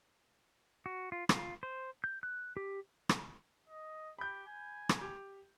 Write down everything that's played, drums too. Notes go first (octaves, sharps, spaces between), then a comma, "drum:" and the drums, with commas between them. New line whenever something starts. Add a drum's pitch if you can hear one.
F#4
F4
F4, drum: rim click
C5
G6
F#6
G4
drum: rim click
D#5
G4 B5 G6
G#5
drum: rim click
G4